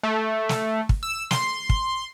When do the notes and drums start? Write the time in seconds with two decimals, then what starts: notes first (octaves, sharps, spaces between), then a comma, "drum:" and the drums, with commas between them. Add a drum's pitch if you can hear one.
0.03 A3
0.49 drum: snare
0.89 drum: kick
1.03 E6
1.31 C6, drum: snare
1.69 drum: kick